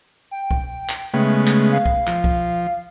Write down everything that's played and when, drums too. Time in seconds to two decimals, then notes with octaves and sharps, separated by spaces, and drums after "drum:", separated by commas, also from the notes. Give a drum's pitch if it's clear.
0.31 G5
0.51 drum: kick C2
0.89 drum: clap
1.14 C#3 G#3 A3 B3
1.47 drum: clap
1.72 F5
1.86 drum: kick C2
2.07 F3, drum: clap
2.24 drum: kick C2